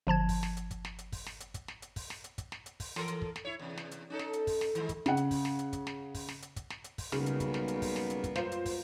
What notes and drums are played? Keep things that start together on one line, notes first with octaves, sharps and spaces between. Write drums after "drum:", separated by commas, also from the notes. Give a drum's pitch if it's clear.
G1 F3 A5 G#6
drum: kick, open hi-hat
drum: snare
drum: hi-hat
drum: kick, hi-hat
drum: snare
drum: hi-hat
drum: kick, open hi-hat
drum: snare
drum: hi-hat
drum: kick, hi-hat
drum: snare
drum: hi-hat
drum: kick, open hi-hat
drum: snare
drum: hi-hat
drum: kick, hi-hat
drum: snare
drum: hi-hat
drum: kick, open hi-hat
E3 A4 A#4, drum: snare
drum: hi-hat
drum: kick
drum: snare
E4 C#5
E2 C3
drum: snare
drum: hi-hat
C#4 D#4 A4
drum: snare
drum: hi-hat
drum: kick, open hi-hat
drum: snare
D#3 G#3, drum: hi-hat
drum: kick, hi-hat
C#3 F#5, drum: snare
drum: hi-hat
drum: kick, open hi-hat
drum: snare
drum: hi-hat
drum: kick, hi-hat
drum: snare
drum: kick, open hi-hat
drum: snare
drum: hi-hat
drum: kick, hi-hat
drum: snare
drum: hi-hat
drum: kick, open hi-hat
B1 C#3 G3 A#3 B3, drum: snare
drum: hi-hat
drum: kick, hi-hat
drum: snare
drum: hi-hat
drum: kick, open hi-hat
drum: snare
drum: hi-hat
drum: kick, hi-hat
F#2 F4 C5, drum: snare
drum: hi-hat
drum: kick, open hi-hat